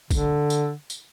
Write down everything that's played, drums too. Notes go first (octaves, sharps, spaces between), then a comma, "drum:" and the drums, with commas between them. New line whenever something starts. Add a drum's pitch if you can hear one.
D3, drum: kick, tambourine
drum: tambourine
drum: tambourine